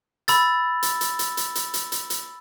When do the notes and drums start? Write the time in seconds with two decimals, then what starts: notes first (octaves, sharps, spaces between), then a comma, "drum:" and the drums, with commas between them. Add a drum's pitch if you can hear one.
0.28 B5 E6 A6, drum: hi-hat
0.83 drum: hi-hat
1.01 drum: hi-hat
1.19 drum: hi-hat
1.37 drum: hi-hat
1.55 drum: hi-hat
1.74 drum: hi-hat
1.92 drum: hi-hat
2.10 drum: hi-hat